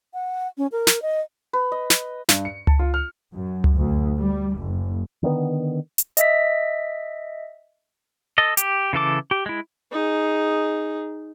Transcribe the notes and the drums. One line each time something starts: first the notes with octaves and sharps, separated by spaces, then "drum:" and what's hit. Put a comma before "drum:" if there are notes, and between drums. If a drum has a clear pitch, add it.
F#5
C#4
A#4
drum: snare
D#5
B4
D#5
drum: snare
G2, drum: snare
C#7
A5, drum: tom C#2
F4
F6
F#2
drum: tom C#2
D2
G3
F#1
D3 D#3 G3 B3
drum: hi-hat
D#5 E5 B6, drum: hi-hat
A4 D#5
G4, drum: hi-hat
C#3 E3 A4 D6
G4
G#3 E4
D#4 G#4